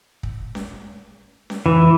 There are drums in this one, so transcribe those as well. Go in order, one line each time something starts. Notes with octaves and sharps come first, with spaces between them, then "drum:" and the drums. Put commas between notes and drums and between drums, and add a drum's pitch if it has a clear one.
drum: kick
drum: snare C#4
drum: snare C#4
E3, drum: tom F2